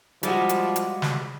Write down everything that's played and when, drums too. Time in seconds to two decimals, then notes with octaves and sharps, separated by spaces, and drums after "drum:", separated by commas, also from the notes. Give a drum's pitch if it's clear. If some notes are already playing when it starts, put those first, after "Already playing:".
0.23 F3 G3 G#3 F#4, drum: hi-hat
0.49 drum: hi-hat
0.76 drum: hi-hat
1.02 drum: snare